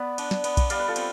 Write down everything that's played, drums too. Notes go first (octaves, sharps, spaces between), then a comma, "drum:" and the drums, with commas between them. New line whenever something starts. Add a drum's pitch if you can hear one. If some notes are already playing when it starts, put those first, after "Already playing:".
Already playing: B3 B4 D5
D4, drum: cymbal
drum: snare
B3, drum: cymbal
drum: kick B1, cymbal
G3 D5 F5, drum: cymbal
B4
F4 A4
C4, drum: cymbal